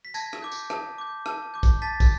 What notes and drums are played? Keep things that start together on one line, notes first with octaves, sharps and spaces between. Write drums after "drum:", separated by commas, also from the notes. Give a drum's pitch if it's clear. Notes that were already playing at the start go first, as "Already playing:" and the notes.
B6
A5 G#6 A#6, drum: tambourine
drum: rim click
D6 G6
drum: tambourine
A5, drum: rim click
D6 G6
A5, drum: rim click
D6 G6
drum: kick, tambourine
A5 A6 B6
drum: kick, tambourine